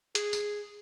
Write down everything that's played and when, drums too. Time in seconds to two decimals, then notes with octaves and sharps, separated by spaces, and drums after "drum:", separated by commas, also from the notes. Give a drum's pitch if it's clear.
0.15 G#4, drum: hi-hat
0.33 drum: tambourine